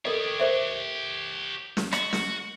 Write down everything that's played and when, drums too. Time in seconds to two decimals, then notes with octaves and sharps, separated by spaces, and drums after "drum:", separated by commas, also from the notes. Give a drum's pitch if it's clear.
0.05 G4 A4 A#4 C#5 D#5
0.40 A#4 C5 E5
1.77 drum: snare
1.93 F#4 D#5, drum: rim click
2.13 drum: snare